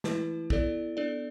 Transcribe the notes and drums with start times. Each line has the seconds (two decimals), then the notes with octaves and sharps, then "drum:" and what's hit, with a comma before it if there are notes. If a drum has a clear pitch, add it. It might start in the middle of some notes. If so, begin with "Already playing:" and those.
0.04 E3 A3 E4 B4, drum: snare
0.50 B3 E4 A4 D5, drum: kick
0.97 B3 D4 A4 D5